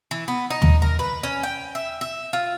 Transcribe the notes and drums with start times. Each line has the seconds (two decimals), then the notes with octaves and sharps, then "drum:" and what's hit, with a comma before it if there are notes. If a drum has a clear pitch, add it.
0.11 E3
0.28 B3
0.50 D#4
0.62 drum: tom
0.82 A#4
0.99 B4
1.23 C#4
1.43 G5
1.75 E5
2.01 E5
2.33 F4